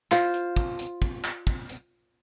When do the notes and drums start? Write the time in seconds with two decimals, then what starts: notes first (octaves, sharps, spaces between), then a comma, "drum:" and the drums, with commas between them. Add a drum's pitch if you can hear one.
0.11 F4 C5, drum: clap
0.34 drum: hi-hat
0.57 drum: kick
0.79 drum: hi-hat
1.02 drum: kick
1.24 drum: clap
1.47 drum: kick
1.69 drum: hi-hat